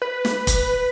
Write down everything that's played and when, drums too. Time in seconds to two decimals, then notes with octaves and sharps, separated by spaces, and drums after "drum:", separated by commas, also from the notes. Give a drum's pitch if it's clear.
0.02 B4
0.25 drum: snare
0.47 drum: kick, hi-hat